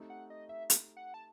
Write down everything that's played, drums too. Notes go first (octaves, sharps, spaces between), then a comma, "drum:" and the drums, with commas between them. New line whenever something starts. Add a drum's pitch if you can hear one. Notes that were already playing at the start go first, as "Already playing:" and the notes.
Already playing: A3 C4 D#4 G4
F#5
D#5
E5
drum: hi-hat
F#5
A5